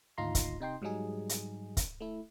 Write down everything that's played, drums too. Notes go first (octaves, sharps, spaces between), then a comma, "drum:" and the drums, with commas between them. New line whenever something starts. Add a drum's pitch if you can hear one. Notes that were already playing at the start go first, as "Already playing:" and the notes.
G#1 D2 D#4 F4 A#5 C6
drum: kick, hi-hat
C3 D#4 G5 C6
G#2 F#3 G3 D#4 G#4
drum: hi-hat
drum: kick, hi-hat
A3 E4